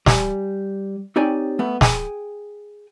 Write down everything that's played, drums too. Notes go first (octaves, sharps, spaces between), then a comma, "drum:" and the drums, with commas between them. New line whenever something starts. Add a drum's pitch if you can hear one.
G3 G#5, drum: snare
C4 D#4 G4 C#5 D5 G#5
A3 B3
G#4 G5 G#5, drum: snare